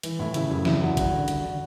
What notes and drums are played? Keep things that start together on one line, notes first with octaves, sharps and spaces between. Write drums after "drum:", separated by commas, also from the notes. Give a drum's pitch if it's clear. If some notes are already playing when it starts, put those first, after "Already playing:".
E3, drum: hi-hat
A2 E4
C#3 E4, drum: hi-hat
F#2 E4
E2 E4, drum: snare
E2 F#4
G2 F#4, drum: kick G#1, hi-hat
D3
D3, drum: hi-hat
D3